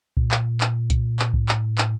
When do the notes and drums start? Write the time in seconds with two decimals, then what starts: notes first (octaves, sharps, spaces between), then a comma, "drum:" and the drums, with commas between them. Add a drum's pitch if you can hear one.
0.17 A#2, drum: kick C2
0.31 drum: clap
0.61 drum: clap
0.90 drum: kick C2, hi-hat
1.19 drum: clap
1.34 A2, drum: kick C2
1.49 drum: clap
1.78 drum: clap